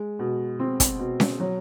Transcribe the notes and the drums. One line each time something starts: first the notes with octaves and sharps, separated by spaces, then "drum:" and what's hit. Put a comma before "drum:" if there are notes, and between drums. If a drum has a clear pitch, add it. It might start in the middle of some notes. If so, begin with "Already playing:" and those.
Already playing: G#3
B2
C4
drum: kick, hi-hat
B2
drum: snare C#4
F#3